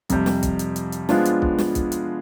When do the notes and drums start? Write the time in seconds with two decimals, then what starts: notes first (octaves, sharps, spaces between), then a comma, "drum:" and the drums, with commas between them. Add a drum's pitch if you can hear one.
0.09 F2 C3 G3, drum: kick B1, hi-hat
0.26 drum: snare
0.43 drum: kick B1, hi-hat
0.59 drum: hi-hat
0.76 drum: hi-hat
0.92 drum: hi-hat
1.09 F3 G#3 B3 D4 F4, drum: snare
1.25 drum: hi-hat
1.42 drum: kick B1
1.59 drum: snare
1.75 drum: kick B1, hi-hat
1.92 drum: hi-hat